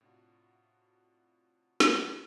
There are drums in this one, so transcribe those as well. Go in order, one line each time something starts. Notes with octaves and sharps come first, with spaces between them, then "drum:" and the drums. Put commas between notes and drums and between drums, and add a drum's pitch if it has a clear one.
A2 C3 D4 F4 F#4
drum: snare